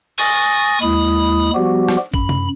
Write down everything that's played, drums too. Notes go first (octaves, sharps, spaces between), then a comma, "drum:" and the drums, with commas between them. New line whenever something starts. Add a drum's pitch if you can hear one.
G#5 C#6 D#6 A6 A#6, drum: cymbal
D#2 G#3 E4 B5 D#6, drum: cymbal
F3 G3 B3 F#4 G4
drum: rim click
F#2 B5, drum: kick A1
drum: tom C3